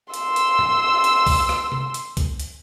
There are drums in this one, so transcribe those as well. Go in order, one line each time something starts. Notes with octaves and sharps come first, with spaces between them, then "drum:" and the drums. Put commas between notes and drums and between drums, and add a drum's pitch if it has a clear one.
C6 E6, drum: hi-hat
drum: hi-hat
drum: tom A2
drum: hi-hat
drum: kick, open hi-hat
drum: rim click
drum: tom C3
drum: hi-hat
drum: kick, hi-hat
drum: hi-hat